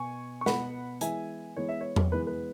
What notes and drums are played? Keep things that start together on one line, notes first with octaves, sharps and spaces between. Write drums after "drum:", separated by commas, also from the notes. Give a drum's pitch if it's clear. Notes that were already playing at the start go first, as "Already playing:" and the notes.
Already playing: B2 B3 G#5 C#6
C#6
B2 B3 F#5 B5, drum: snare
E3 G#3 B3 E5 G#5, drum: hi-hat
E3 G#3 B3 C#5
E5
C#5
drum: tom E2
E3 G#3 B3 B4
B4